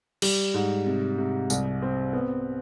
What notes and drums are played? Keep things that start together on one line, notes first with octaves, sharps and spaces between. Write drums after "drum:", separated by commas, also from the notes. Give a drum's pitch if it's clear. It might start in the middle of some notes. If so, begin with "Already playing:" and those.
G3, drum: cymbal
G#2
C3
C3
C2, drum: tambourine
C4
B3